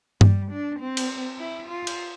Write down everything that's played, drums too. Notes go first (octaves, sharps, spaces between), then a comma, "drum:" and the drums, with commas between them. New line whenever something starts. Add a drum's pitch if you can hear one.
G3, drum: tom G2
D4
C4
drum: cymbal
E4
F4
drum: cymbal